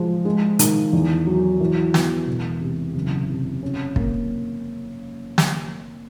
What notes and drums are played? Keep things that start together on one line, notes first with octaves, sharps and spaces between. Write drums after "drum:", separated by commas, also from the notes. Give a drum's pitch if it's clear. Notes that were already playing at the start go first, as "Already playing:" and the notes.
Already playing: F3 G#3
G#3
D#3, drum: hi-hat
E2
F#3
E3
B3, drum: snare
E1
C3
F#1
C3
C#4
A#3, drum: kick
drum: snare